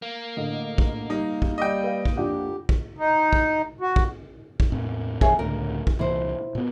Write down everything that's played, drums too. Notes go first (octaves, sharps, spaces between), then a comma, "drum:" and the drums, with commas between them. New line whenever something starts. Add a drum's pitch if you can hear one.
A#3
A1 D3 D#5
drum: kick
G3 D#4
drum: kick
G3 D#5 G5 D6 E6 G6
B4 F5
drum: kick
F2 D4 G4 F#5
drum: kick
D#4
drum: kick
F#4
drum: kick
drum: kick
E2 A2 C4
E1 D#2 G#4 C#5 E5, drum: kick
C#2 A2 D3 A#4
drum: kick
C2 A#2 E3 E4 C5
A#2 B3